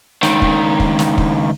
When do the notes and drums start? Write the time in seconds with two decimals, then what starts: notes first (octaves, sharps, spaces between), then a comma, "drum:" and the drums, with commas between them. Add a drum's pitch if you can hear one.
0.23 C#2 D#3, drum: snare
0.42 drum: kick
0.80 drum: kick
0.99 drum: snare
1.18 drum: kick